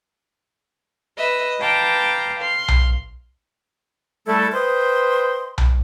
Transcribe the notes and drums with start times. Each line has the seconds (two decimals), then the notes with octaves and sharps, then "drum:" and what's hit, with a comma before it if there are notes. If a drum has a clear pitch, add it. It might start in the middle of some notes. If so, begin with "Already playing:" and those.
1.17 B4 D#5 E5
1.60 B4 F5 G5 A5 A#5 D6
2.39 F5 C6
2.68 drum: tom B1
4.27 G3 A3 E4 A4
4.54 B4 C5 D#5 G5 C6
5.58 drum: tom B1